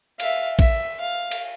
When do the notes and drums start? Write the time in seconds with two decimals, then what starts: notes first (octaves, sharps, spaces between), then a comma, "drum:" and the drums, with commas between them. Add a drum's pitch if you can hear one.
0.20 E5 F5, drum: cymbal
0.59 E5, drum: kick, cymbal
1.00 F5
1.31 drum: cymbal